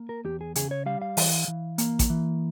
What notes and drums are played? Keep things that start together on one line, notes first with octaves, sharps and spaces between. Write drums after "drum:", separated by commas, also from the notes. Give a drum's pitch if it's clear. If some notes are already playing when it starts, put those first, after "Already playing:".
Already playing: A#3
A#4
E2 G4
G#4
C#3 G#4, drum: hi-hat
C#5
G3 F5
F5
E3, drum: open hi-hat
E3
A#3, drum: hi-hat
drum: kick A1, hi-hat
E3